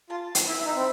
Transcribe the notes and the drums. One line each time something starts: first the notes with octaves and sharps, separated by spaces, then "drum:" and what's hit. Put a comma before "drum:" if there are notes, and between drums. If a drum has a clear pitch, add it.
F4 A5
B4, drum: hi-hat
E4
E5
D#4
C4